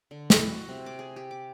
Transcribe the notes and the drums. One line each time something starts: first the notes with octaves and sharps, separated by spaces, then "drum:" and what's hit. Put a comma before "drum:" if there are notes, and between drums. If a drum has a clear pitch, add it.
D3
E3, drum: snare
F#4
C3
D6
G#4
G4
D6